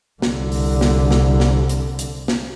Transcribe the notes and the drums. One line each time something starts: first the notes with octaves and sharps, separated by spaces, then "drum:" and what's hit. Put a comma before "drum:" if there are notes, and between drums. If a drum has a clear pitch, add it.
C2 D3, drum: snare
drum: open hi-hat
drum: snare
drum: snare
drum: snare
drum: hi-hat
drum: hi-hat
drum: snare